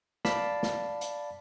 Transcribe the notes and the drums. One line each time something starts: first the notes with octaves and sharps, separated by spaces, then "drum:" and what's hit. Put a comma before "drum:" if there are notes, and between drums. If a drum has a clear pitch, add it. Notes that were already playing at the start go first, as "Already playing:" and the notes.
D5 F5 A5 B5 B6, drum: snare
drum: snare
drum: hi-hat